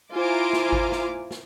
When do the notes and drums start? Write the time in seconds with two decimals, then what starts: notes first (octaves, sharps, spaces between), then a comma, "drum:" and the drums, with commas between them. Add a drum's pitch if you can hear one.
0.14 E4 F4 C5 G#5 A#5 D6
0.53 drum: snare
0.73 drum: kick G#1
0.92 drum: snare
1.31 drum: snare